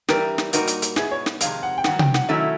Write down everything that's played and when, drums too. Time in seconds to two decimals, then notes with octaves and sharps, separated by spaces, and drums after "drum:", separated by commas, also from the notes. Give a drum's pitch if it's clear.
0.08 G2 E3 G3 A#4, drum: snare
0.38 drum: snare
0.53 A#2 G3 A#3 D#4 F#4 A#4, drum: hi-hat
0.67 drum: hi-hat
0.82 drum: hi-hat
0.96 B2 G#3 B3 E4 G#4, drum: snare
1.11 C#5
1.26 drum: snare
1.41 F2 C3 D#3 G#3 F5, drum: hi-hat
1.63 F#5
1.78 G5
1.84 G2 D#3 F#3 F#5, drum: snare
1.99 G5, drum: tom C3
2.14 F#5, drum: snare
2.29 D#3 F#3 A3 C#4 E4 E5